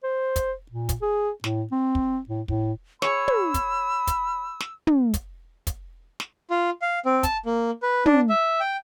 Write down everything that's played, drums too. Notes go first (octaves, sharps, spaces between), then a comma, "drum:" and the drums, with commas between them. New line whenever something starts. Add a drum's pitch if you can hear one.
C5
drum: kick, hi-hat
A#2
drum: kick, hi-hat
G#4
A2, drum: snare
C4
drum: kick
A2
A2, drum: kick
G#4 C#5 B5 E6, drum: snare
drum: tom
drum: kick, hi-hat
drum: kick, hi-hat
drum: snare
drum: tom
drum: kick, hi-hat
drum: kick, hi-hat
drum: snare
F4
F5
C4
A5, drum: kick, hi-hat
A#3
B4
D4, drum: tom
E5
G5